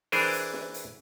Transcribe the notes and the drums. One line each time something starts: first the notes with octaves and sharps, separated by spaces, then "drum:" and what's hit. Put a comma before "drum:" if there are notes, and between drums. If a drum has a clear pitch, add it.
E3 D4 G#4 A#4 C5, drum: open hi-hat
drum: hi-hat
drum: snare
drum: hi-hat